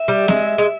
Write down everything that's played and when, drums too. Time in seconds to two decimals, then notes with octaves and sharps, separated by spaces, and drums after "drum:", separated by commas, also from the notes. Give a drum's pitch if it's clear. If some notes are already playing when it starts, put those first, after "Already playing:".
Already playing: E5
0.08 G3
0.28 G#3, drum: snare
0.58 G#3